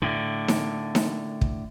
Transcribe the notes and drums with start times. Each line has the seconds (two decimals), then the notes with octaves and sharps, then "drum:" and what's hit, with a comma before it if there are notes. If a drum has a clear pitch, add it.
0.02 A2 D3
0.48 drum: snare D#4
0.95 drum: snare D#4
1.41 drum: kick